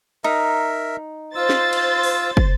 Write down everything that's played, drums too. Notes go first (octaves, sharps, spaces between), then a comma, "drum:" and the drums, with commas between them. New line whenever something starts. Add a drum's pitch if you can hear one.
D#4 A#4 E5
F4 C5 E6 A6
drum: snare
drum: cymbal
drum: open hi-hat
drum: kick